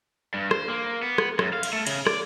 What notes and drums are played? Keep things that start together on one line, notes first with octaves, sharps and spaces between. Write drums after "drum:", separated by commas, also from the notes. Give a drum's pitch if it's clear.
G2
C5, drum: rim click
A#3
B3
drum: rim click
F#2, drum: rim click
F5
drum: cymbal
A3
C#3, drum: cymbal
D5, drum: rim click